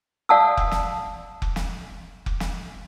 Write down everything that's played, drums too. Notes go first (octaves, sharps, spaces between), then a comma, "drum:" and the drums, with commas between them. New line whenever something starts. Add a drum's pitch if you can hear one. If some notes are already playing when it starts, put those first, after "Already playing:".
D5 F5 F#5 A5 D#6 E6
drum: kick F1
drum: snare
drum: kick F1
drum: snare
drum: kick F1
drum: snare